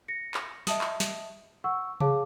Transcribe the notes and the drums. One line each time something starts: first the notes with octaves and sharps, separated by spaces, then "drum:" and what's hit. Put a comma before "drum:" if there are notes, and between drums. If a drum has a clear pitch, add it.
A#6 C#7
drum: clap
D#5 E5 A5 D#6, drum: snare
drum: clap
drum: snare
F#5 C#6 E6
G#4 C#5 F5 A5 D6, drum: tom C3